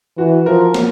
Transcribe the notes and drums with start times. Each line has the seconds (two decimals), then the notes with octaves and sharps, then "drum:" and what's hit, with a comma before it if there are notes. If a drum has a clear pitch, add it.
0.18 E3 F#4
0.46 F3 A#4
0.74 drum: snare